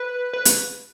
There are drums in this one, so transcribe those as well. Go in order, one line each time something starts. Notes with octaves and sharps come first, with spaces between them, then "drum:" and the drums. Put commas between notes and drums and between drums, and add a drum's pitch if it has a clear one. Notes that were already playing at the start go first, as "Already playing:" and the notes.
Already playing: B4
B4
drum: hi-hat